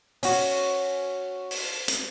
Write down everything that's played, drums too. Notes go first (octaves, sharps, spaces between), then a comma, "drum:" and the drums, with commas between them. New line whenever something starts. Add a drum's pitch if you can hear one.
C#4 F#4, drum: open hi-hat
drum: open hi-hat
drum: hi-hat